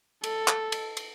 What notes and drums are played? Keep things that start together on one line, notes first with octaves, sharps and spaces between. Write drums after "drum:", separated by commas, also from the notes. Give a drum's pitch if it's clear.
A4, drum: cymbal
drum: clap
drum: cymbal
drum: cymbal